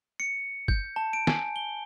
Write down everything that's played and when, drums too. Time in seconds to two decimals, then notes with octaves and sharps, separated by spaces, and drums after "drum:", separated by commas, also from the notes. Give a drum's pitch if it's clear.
0.20 C#7
0.68 G6, drum: kick G1
0.96 A5
1.13 D7
1.27 G#5, drum: snare
1.56 G7